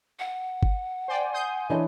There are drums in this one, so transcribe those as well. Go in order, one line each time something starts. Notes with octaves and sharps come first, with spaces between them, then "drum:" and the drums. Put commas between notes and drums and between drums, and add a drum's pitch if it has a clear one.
F#5
drum: kick
C5 D5 G5 G#5
C6 D#6 G6
E3 D4 C#5 D#5